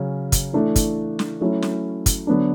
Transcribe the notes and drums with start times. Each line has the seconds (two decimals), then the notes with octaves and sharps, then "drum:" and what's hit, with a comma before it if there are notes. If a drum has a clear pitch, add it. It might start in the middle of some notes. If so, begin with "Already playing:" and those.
Already playing: C#3 F#3 C#4
0.32 drum: kick, hi-hat
0.53 E3 A3 D4
0.76 drum: kick, hi-hat
1.19 drum: snare
1.41 F#3 A3 C#4 E4
1.62 drum: snare
2.06 drum: kick, hi-hat
2.27 D3 F#3 B3 D4